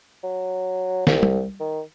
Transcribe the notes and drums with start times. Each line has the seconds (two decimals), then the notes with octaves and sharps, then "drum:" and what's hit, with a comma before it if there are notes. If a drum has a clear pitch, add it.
0.24 F#3
1.07 C2, drum: snare
1.23 drum: tom G3
1.60 D#3